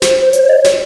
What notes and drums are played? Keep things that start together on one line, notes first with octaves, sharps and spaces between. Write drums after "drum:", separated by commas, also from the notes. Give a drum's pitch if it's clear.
C5, drum: snare
C5
C#5, drum: hi-hat
C5
D#5
C#5
drum: snare